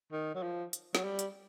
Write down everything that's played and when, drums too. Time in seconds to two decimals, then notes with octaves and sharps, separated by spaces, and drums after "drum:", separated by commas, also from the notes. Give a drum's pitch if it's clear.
0.12 D#3
0.35 F#3
0.42 F3
0.73 drum: hi-hat
0.95 F#3, drum: snare
1.04 G3
1.19 drum: hi-hat